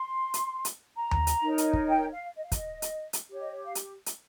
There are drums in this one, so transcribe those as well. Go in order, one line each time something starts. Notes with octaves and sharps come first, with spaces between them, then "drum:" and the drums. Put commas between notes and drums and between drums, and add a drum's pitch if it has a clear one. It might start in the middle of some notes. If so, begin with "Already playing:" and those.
Already playing: C6
drum: hi-hat
drum: hi-hat
A#5
drum: tom D#2
drum: hi-hat
D#4 A#4 C#5
drum: hi-hat
drum: kick
G5
F5
D#5
F5
D#5, drum: kick, hi-hat
drum: hi-hat
drum: hi-hat
G4 C#5
D#5
C#5
F5
drum: hi-hat
drum: hi-hat